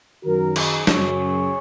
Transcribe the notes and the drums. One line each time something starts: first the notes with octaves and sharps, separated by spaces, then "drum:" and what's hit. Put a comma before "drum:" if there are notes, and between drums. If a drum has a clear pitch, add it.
F#2 D#3 F#3 F#4 A#4
D#4 G#4, drum: cymbal
F#2 C#3 F#3 G#4 C#5, drum: snare